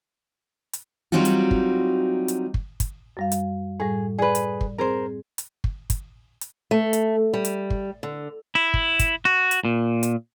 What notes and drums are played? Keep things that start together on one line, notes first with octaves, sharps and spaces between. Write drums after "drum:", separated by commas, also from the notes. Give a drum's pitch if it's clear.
drum: hi-hat
F#3 G3 C4 D#4 F4 F#4
drum: hi-hat
drum: kick
drum: hi-hat
drum: kick
drum: kick, hi-hat
F#2 G3 F5
drum: hi-hat
A2 G3 G#4
G#4 B4 D5
drum: hi-hat
drum: kick
C4 G#4 A#4 C5
drum: hi-hat
drum: kick
drum: kick, hi-hat
drum: hi-hat
A3
drum: hi-hat
G3
drum: hi-hat
drum: kick
D3
E4
drum: kick
drum: kick, hi-hat
F#4
drum: hi-hat
A#2
drum: hi-hat